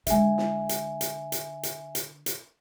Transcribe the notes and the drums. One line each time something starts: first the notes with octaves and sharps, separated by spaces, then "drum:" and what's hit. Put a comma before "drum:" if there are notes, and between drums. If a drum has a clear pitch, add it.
D3 G#3 E5 G#5, drum: hi-hat
drum: snare
drum: hi-hat
drum: hi-hat
drum: hi-hat
drum: hi-hat
drum: hi-hat
drum: hi-hat